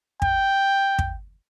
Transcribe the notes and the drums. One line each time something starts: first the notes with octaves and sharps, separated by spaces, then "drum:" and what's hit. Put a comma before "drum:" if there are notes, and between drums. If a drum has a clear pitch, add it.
G5, drum: kick
drum: kick